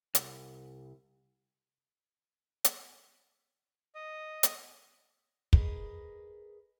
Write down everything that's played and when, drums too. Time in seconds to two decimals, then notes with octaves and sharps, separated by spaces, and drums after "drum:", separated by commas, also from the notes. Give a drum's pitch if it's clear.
0.15 C2, drum: hi-hat
2.64 drum: hi-hat
3.95 D#5
4.43 drum: hi-hat
5.53 G#4 A#4 B4 D#5, drum: kick